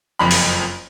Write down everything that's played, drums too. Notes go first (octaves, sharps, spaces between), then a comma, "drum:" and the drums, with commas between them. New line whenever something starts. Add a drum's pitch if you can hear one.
F#1 F2 B5
drum: open hi-hat